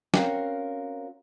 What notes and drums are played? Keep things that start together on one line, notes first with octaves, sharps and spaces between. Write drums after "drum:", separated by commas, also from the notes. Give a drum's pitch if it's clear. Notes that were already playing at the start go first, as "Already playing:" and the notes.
C4 C#4 F#4 A#4 F5, drum: snare